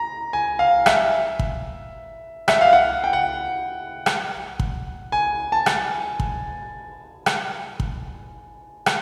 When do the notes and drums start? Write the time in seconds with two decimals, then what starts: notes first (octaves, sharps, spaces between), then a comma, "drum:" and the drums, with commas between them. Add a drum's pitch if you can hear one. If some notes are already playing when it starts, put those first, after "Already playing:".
Already playing: A#5
0.33 G#5
0.59 F5
0.86 E5, drum: rim click
1.39 drum: kick
2.48 E5, drum: rim click
2.61 F5
2.73 F#5
3.04 G5
3.13 F#5
4.06 drum: rim click
4.59 drum: kick
5.12 G#5
5.52 A5
5.66 drum: rim click
6.20 drum: kick
7.26 drum: rim click
7.80 drum: kick
8.86 drum: rim click